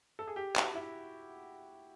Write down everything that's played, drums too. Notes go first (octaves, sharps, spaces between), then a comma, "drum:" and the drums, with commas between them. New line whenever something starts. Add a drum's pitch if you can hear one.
A4
G#4
G4
F#4, drum: clap
E4